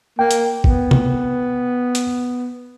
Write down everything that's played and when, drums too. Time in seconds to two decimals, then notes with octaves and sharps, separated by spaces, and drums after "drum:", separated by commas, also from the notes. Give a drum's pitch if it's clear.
0.19 A#3 G5
0.31 drum: hi-hat
0.64 B3, drum: kick G#1
0.91 drum: tom C3
1.95 drum: hi-hat